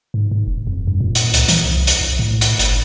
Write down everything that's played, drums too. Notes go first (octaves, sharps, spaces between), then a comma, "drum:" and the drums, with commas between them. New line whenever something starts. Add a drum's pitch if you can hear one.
G#2
G#2
F1
F2
G2
A#2
drum: hi-hat
C#2, drum: hi-hat
E3, drum: hi-hat
C2
drum: hi-hat
B1
A2
drum: hi-hat
G1, drum: hi-hat